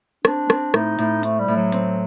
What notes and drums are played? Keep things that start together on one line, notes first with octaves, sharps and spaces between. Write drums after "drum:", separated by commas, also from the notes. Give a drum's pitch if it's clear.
C4 D4, drum: rim click
C4, drum: rim click
A2 D#4, drum: rim click
A2, drum: hi-hat
A3 C4, drum: hi-hat
G3
A2
F#3
C4, drum: hi-hat